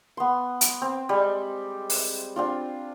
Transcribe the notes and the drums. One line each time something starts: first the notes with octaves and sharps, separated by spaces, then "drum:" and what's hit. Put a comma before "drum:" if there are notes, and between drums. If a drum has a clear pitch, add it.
B3 C6
drum: hi-hat
C4
G3 G#3
drum: open hi-hat
C4 D4 F4